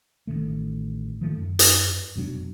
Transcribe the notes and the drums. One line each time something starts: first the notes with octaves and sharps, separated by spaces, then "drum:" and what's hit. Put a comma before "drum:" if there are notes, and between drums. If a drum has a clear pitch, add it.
A1 D3 D#3 A3
D#3 F3 A3
F#2
drum: hi-hat
F1 B2 F#3 D4